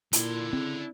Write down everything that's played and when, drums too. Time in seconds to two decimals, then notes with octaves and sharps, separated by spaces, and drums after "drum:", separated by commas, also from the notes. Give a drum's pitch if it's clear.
0.13 A#2 D3 E4 C6, drum: hi-hat
0.53 C#3 C4